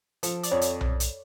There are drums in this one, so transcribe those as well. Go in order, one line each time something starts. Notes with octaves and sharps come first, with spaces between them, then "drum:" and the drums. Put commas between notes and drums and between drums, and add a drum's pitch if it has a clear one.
F3 A4, drum: hi-hat
D5, drum: hi-hat
F2 C#5
drum: hi-hat
drum: tom B1
drum: hi-hat